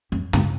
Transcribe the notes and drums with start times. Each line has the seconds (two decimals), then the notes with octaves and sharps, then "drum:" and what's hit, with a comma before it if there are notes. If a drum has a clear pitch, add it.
0.12 F#2
0.33 G#2, drum: tom